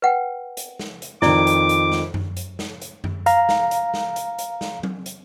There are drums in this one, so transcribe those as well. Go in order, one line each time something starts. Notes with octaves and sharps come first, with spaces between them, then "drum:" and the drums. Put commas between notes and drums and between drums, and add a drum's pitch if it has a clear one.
B4 F#5 G5
drum: hi-hat
drum: snare
drum: hi-hat
F2 D#3 E4 D5 D6, drum: snare
drum: hi-hat
drum: hi-hat
drum: snare
drum: tom F#2
drum: hi-hat
drum: snare
drum: hi-hat
drum: tom F#2
F5 A#5, drum: hi-hat
drum: snare
drum: hi-hat
drum: snare
drum: hi-hat
drum: hi-hat
drum: snare
drum: tom F#3
drum: hi-hat